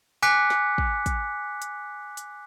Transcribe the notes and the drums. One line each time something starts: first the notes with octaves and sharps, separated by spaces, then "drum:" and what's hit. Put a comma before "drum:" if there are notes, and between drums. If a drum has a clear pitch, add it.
G#5 D6 F#6 B6 C#7
drum: snare
drum: kick
drum: kick, hi-hat
drum: hi-hat
drum: hi-hat